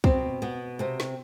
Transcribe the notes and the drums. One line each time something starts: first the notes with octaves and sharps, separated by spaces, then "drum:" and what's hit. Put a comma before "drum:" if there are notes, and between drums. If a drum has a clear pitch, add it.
B2 C4, drum: kick
B2 B3
C3 C4
drum: snare